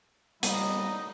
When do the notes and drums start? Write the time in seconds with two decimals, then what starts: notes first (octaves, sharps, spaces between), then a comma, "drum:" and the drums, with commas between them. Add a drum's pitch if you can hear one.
0.43 G3 D#4, drum: hi-hat